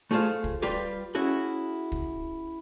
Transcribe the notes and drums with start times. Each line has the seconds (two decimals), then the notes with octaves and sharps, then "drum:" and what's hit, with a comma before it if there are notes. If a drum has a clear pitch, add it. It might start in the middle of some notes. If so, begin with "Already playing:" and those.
0.11 A3 F4 G#4 C5 F5
0.44 drum: kick
0.62 G3 F4 G4 B4 D5
1.15 C#4 E4 F#4 G#4
1.92 drum: kick